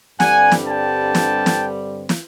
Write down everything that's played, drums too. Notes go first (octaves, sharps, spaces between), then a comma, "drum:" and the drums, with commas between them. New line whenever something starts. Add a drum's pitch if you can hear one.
G2 D3 G3 C4 F#5 G#5, drum: snare
drum: snare
G5 A5
drum: snare
drum: snare
drum: snare